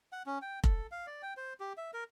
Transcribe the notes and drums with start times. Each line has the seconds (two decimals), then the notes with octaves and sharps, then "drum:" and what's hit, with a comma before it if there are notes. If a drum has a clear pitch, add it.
0.12 F#5
0.26 C#4
0.42 G5
0.64 A4, drum: kick F1
0.92 F5
1.07 D5
1.22 G5
1.37 C5
1.60 G4
1.77 E5
1.93 A#4